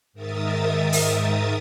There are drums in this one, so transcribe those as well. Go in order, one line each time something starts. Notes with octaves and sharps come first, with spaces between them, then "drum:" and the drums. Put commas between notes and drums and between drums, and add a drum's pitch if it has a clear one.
G#2 D#3 A#4 E5 D#6 A6
drum: open hi-hat